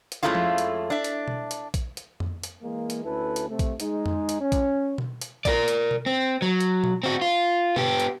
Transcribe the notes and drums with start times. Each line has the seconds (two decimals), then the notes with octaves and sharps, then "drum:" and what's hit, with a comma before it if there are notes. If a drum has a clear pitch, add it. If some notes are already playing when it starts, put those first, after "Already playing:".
0.12 drum: hi-hat
0.23 F2 G#3 A3 C#4 E4 F4
0.35 drum: tom F3
0.58 drum: hi-hat
0.90 D4 E5
1.04 drum: hi-hat
1.28 drum: tom B2
1.51 drum: hi-hat
1.74 drum: kick A#1, hi-hat
1.97 drum: hi-hat
2.20 drum: tom F2
2.43 drum: hi-hat
2.62 E3 G#3 A#3
2.90 drum: hi-hat
3.04 D2 C#4 E4 A4 B4
3.36 drum: hi-hat
3.49 C3 A3
3.59 drum: kick A#1, hi-hat
3.80 G#3 D#4, drum: hi-hat
4.06 drum: tom F2
4.29 drum: hi-hat
4.41 C#4
4.52 drum: kick A#1, hi-hat
4.98 drum: tom B2
5.21 drum: hi-hat
5.45 A#4 D5, drum: kick A#1, hi-hat
5.68 drum: hi-hat
5.91 drum: tom B2
6.06 C4
6.42 F#3
6.60 drum: hi-hat
6.84 drum: tom B2
7.03 C4 F#4
7.22 F4
7.76 B3 G4, drum: tom B2
7.99 drum: hi-hat